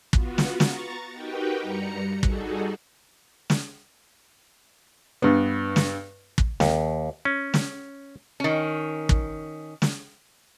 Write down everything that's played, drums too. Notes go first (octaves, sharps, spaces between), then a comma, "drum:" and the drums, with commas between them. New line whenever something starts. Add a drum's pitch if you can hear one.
B3 F4 F#4, drum: kick
drum: snare
A#5 C#6 A6, drum: snare
D#4 F#4 G4 A#4 B4 G5
G2 G3 A#5 C#7
G3 D#4 F#4 G#4 A4, drum: kick
drum: snare
G2 B3
drum: snare
drum: kick
D#2, drum: snare
C#4
drum: snare
D#3 C#4
drum: kick
drum: snare